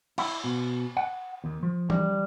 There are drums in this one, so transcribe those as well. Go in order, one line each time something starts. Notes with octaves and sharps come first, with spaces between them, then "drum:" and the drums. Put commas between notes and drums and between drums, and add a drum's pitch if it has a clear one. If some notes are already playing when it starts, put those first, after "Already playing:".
E4, drum: cymbal
B2
F#5
D#2
F3
G3, drum: tom E3